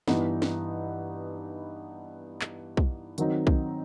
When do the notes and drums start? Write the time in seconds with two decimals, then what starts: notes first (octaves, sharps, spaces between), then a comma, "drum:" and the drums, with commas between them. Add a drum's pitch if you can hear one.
0.08 G2 E3 B3 D#4, drum: snare
0.42 drum: snare
2.41 drum: clap
2.77 drum: kick
3.18 D#3 F#3 C4 D#4 F#4, drum: hi-hat
3.47 drum: kick